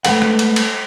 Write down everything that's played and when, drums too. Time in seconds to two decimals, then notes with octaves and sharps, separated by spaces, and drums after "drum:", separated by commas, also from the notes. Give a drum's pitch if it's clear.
0.05 G#3 A3 B3 A4 F#5, drum: cymbal
0.22 drum: rim click
0.39 drum: cymbal
0.56 drum: cymbal